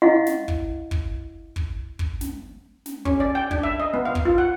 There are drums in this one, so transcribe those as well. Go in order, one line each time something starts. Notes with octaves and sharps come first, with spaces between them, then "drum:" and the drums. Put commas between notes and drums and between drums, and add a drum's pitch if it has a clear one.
E4 D#5 F5 F#5
drum: snare
drum: kick
drum: kick
drum: kick
drum: kick
drum: snare
drum: snare
C#4, drum: kick
D5
G5
D4, drum: kick
E5
D#5
B3
F5
drum: kick
F4
F#5